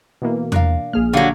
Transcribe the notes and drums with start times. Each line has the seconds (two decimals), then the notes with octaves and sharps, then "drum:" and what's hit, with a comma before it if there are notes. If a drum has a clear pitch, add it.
0.22 B2 E3 A#3
0.52 D4 A#4 F5, drum: tom E2
0.93 A#1 A#3 G#4 F6
1.13 D3 F#3 G4 F5 F#5